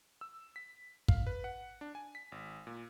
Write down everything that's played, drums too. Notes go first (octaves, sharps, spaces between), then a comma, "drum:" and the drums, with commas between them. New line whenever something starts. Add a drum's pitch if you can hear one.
E6
B6
F5, drum: kick
B4
F#5
D4
G#5
B6
G#1
A#2